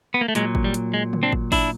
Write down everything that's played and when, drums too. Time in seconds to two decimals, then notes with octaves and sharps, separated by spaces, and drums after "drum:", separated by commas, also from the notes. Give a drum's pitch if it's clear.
0.14 B3
0.21 A#3
0.28 A3
0.35 A#2 F#3 G#3, drum: hi-hat
0.55 drum: kick
0.64 G3
0.74 drum: hi-hat
0.94 G#3
1.13 drum: tom C#3
1.23 C4 D4
1.33 drum: kick
1.52 D4 E4, drum: kick, open hi-hat